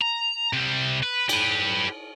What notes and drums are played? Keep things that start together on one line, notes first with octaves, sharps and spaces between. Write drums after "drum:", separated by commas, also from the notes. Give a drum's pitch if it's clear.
A#5
C3 G3
B4
G4 B4, drum: cymbal